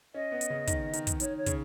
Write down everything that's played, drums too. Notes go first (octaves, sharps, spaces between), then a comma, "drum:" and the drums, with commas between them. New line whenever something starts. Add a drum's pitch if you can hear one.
C#4 D#5
B3
drum: hi-hat
C#3
D#3, drum: kick, hi-hat
D#3, drum: hi-hat
drum: kick, hi-hat
D#3 C#5, drum: hi-hat
C#5
C#3, drum: kick, hi-hat